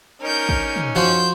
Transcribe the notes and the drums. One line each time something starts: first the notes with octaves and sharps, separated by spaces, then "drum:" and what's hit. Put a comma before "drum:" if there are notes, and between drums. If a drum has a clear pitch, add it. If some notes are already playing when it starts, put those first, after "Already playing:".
C#4 D#4 A#4 G6
drum: kick
drum: tom
F3 F#4 C5 G6